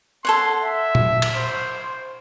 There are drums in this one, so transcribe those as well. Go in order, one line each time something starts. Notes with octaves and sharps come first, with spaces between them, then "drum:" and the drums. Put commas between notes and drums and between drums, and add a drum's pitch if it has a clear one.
A4 C#5 F#5 C6
E5
drum: tom A#2
drum: cymbal
C5